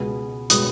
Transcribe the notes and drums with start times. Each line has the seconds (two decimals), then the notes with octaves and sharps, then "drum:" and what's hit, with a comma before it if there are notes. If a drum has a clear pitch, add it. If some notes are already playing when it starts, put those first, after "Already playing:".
Already playing: C#2 B2 G#3 B3
0.50 B2 G#3 B3 D#6, drum: hi-hat